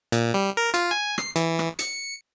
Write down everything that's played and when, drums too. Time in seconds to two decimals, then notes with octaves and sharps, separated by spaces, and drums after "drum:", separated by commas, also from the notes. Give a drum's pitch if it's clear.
0.12 A#2, drum: hi-hat
0.34 G3
0.57 A#4
0.74 F4, drum: hi-hat
0.91 G#5
1.18 C7, drum: rim click
1.36 E3, drum: hi-hat
1.59 drum: rim click
1.79 C#7, drum: hi-hat